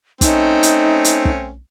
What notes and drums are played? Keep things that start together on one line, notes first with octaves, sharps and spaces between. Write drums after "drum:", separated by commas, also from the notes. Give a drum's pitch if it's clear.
A3 C4 C#4 D#4, drum: kick, hi-hat
drum: hi-hat
drum: hi-hat
drum: kick